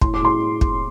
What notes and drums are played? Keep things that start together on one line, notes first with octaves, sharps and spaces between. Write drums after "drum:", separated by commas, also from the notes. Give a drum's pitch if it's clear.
A2 C6, drum: kick
D6
A2 C6
drum: kick